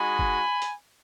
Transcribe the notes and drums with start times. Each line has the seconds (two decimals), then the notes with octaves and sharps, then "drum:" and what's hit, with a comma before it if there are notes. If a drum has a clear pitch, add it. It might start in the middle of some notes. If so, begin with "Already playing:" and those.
Already playing: G#3 D#4 F#4 G#5 B5
0.19 drum: kick
0.62 drum: hi-hat